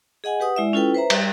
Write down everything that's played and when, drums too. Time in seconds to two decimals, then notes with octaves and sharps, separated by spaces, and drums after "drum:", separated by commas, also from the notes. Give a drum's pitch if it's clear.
0.24 G#4 D#5 F#5 G#5
0.40 G4 B4 F#5 D#6
0.56 G#3 E4 D5 E5
0.73 C#4 E4 F4 A4 B4 G5
0.94 B4 C5 E5 A#5
1.10 G3, drum: cymbal